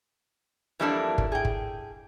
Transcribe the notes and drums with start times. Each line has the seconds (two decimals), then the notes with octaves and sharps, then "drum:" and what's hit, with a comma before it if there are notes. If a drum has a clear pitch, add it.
0.80 F2 E3 G3 A3 A#3 D4
1.18 drum: kick G1
1.32 G#4 G5
1.45 drum: kick G1